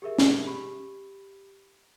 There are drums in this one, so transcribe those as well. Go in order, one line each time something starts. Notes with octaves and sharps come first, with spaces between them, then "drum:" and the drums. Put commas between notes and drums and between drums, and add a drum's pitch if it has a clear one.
G4 G#4 A#4 E5
drum: snare
G4 B5